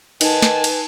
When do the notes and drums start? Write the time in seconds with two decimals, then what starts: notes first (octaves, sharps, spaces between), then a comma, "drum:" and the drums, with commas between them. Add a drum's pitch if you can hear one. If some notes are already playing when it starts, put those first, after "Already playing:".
0.21 D#3 D#4 B4 G#5 A5, drum: cymbal
0.42 drum: snare
0.64 drum: cymbal